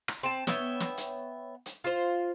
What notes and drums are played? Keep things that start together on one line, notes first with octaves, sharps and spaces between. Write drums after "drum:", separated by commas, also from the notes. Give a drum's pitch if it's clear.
drum: rim click
C4 A5
B3 C#5 E5 G5, drum: snare
drum: snare
drum: hi-hat
drum: hi-hat
F4 C5